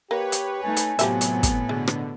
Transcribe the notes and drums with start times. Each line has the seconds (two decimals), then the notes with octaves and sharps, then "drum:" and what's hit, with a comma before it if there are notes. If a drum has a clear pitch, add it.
0.11 A#3 G4 B4 C#5
0.32 drum: hi-hat
0.63 A3 D#4 G#5
0.77 drum: hi-hat
0.99 A2 C3 F3 F#3 B3 G4 E5, drum: hi-hat
1.21 drum: hi-hat
1.43 drum: kick, hi-hat
1.69 B2 D3 G#3
1.87 drum: rim click